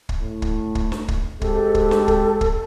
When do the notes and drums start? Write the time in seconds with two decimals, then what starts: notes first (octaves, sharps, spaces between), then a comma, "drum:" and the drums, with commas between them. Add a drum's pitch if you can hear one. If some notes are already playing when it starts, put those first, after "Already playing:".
0.09 drum: kick
0.20 A2
0.42 drum: kick
0.75 drum: kick
0.92 drum: snare
1.08 drum: kick
1.41 G#3 C4 G4 A4, drum: kick
1.75 drum: kick
1.91 drum: snare
2.08 drum: kick
2.41 drum: kick